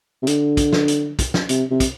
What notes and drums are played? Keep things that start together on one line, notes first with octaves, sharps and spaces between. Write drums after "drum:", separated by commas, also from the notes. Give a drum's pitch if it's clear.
C3
D3, drum: hi-hat
drum: kick, hi-hat
drum: snare
drum: hi-hat
drum: kick, hi-hat
drum: snare
C3, drum: hi-hat
C3
drum: kick, hi-hat